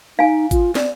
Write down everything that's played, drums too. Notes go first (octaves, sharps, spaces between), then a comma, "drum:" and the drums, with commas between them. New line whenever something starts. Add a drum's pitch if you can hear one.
D#4 F5 G#5
F4, drum: kick G#1, hi-hat
D5, drum: snare